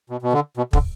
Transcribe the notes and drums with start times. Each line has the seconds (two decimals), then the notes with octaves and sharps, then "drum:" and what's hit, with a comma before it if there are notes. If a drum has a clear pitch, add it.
0.10 B2
0.22 B2
0.33 D3
0.57 B2
0.73 D3, drum: kick